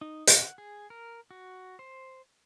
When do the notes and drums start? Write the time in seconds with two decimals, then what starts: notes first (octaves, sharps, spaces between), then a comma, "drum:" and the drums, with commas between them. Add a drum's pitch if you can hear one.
0.01 D#4
0.27 F#5, drum: hi-hat
0.58 G#4
0.90 A#4
1.31 F#4
1.79 C5